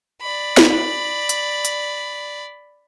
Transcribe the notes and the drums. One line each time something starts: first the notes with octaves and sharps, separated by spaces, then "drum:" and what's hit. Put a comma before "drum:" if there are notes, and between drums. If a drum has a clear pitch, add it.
D5 B5
drum: snare D#4
drum: hi-hat
drum: hi-hat